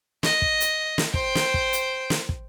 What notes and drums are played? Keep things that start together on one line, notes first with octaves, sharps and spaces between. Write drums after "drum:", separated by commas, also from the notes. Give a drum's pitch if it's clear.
D#5, drum: snare
drum: kick
drum: hi-hat
drum: snare
C5 G5, drum: kick
drum: snare
drum: kick
drum: hi-hat
drum: snare
drum: kick